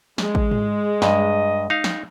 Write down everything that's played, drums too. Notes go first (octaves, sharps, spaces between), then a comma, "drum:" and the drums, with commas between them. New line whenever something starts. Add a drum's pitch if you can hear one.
G#3, drum: snare
drum: kick A1
drum: tom G#2
G2 D#5, drum: snare
D#4 F5
drum: snare